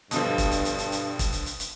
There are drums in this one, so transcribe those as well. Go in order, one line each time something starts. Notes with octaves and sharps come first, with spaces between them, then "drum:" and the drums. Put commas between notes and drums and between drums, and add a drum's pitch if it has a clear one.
G2 B2 D3 F3, drum: hi-hat
drum: kick, hi-hat
drum: hi-hat
drum: hi-hat
drum: hi-hat
drum: hi-hat
drum: kick, hi-hat
drum: hi-hat
drum: hi-hat
drum: hi-hat